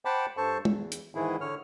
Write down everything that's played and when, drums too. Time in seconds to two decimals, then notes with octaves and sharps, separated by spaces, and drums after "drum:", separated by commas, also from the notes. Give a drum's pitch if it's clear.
0.05 C5 F#5 G5 A5 B5 D6
0.37 G2 A4 C5 A5 C#6
0.65 E2, drum: tom
0.92 drum: hi-hat
1.15 G#2 D#3 E3 E4 G#4
1.41 D3 C#5 F6